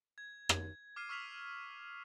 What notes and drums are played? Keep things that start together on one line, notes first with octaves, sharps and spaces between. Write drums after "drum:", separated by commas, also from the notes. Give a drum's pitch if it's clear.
G#6
drum: rim click
D6 F6 C7 D#7
C#6 E6 F6 B6 F7